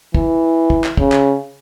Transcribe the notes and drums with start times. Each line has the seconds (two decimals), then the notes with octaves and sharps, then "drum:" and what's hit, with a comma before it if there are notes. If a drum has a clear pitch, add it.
0.14 E3, drum: kick
0.70 drum: kick
0.84 drum: clap
0.97 C#3, drum: kick
1.12 drum: clap